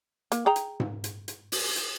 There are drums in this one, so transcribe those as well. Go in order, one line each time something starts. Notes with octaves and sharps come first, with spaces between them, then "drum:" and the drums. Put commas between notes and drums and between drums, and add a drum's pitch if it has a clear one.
A#3, drum: hi-hat
G#4 G5 A#5
drum: hi-hat
drum: tom G#2
drum: hi-hat
drum: hi-hat
drum: open hi-hat
drum: hi-hat